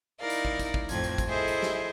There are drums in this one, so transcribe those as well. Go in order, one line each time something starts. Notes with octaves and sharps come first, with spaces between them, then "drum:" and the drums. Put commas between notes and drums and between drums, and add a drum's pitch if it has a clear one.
D#4 E4 A#4 D5 F5
drum: tambourine
drum: kick
drum: kick, tambourine
drum: kick
F2 A2 F3 C4 G#6, drum: tambourine
drum: tambourine
drum: kick, tambourine
E4 G#4 A4 C5 D#5 E5
drum: tambourine
drum: snare